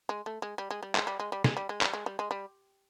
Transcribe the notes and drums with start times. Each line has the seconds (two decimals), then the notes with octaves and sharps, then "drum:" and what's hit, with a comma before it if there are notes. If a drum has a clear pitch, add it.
0.09 G#3
0.26 A3
0.42 G#3
0.58 G3
0.71 G#3
0.83 G3
0.95 G#3, drum: clap
1.07 G3
1.20 G#3
1.32 G3
1.44 G#3, drum: snare
1.57 G3
1.69 G#3
1.81 G3, drum: clap
1.93 G#3
2.06 G3
2.19 G#3
2.31 G3